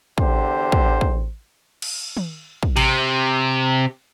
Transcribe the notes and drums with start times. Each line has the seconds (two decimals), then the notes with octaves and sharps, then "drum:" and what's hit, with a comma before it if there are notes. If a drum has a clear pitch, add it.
0.18 E2 D3 G4 C5, drum: kick
0.72 drum: kick
1.01 drum: kick
1.82 drum: cymbal
2.17 drum: tom
2.63 drum: kick
2.77 C3, drum: cymbal